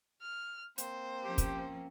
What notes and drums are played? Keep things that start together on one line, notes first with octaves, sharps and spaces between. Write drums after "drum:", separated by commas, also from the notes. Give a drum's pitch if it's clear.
F6
A#3 C4 C5, drum: hi-hat
F3 C#4 G4
drum: kick, hi-hat